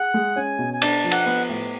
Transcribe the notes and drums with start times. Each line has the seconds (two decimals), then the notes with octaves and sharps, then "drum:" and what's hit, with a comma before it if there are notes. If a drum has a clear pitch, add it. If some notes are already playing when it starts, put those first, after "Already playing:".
Already playing: G#4 F#5
0.14 G#3
0.36 C#4 G#5
0.59 B2
0.74 G#5
0.82 D4 A5, drum: cymbal
1.04 F3
1.11 F#5, drum: cymbal
1.26 B3
1.49 A2